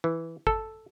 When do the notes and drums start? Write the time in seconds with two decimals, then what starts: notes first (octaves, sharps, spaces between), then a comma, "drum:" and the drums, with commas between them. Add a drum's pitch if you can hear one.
0.04 E3
0.47 A4, drum: kick G1